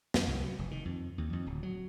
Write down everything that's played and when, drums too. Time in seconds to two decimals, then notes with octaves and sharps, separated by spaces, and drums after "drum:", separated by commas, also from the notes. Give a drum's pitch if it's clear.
0.14 F#2, drum: snare
0.27 C2
0.43 F#3
0.59 F1
0.71 D#3
0.85 F2
1.18 D#2
1.33 F2
1.47 D1
1.63 F#3